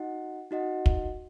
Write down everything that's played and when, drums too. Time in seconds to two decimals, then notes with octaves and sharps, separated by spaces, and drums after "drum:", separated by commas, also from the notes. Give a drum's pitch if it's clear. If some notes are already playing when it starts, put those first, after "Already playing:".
Already playing: D#4 F#4 D#5 F#5
0.51 D#4 F#4 D#5 F#5
0.86 drum: kick